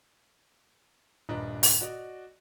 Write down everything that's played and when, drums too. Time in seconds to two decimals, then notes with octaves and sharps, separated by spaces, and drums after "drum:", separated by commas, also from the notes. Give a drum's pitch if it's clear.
1.29 D#1 G2 D4 B4 D#5 A#5
1.63 drum: open hi-hat
1.81 F#4 D5 D#5